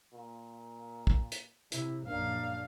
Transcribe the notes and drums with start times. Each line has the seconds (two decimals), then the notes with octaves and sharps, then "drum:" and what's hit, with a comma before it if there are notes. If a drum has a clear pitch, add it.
0.13 A#2
1.07 drum: kick
1.32 drum: hi-hat
1.72 C3 E4, drum: hi-hat
2.08 A#1 F#2 A#3 D4 F5